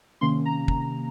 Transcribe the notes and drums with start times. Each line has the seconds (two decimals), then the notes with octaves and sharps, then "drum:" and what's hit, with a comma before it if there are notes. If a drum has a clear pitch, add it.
0.21 C3 D#3 A#3 C#4 C6
0.45 A#5
0.68 drum: kick